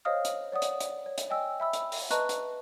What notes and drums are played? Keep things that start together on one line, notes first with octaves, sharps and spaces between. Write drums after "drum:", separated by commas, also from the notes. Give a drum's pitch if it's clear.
C5 C#5 D#5 F5 D#6 F6
drum: hi-hat
C#5 D5 F#5 D#6
drum: hi-hat
drum: hi-hat
C#5
drum: hi-hat
D#5 G5 G#5 E6
E5 B5 E6
drum: hi-hat
drum: open hi-hat
B4 D#5 A5 A#5 C#6 F#6, drum: hi-hat
drum: hi-hat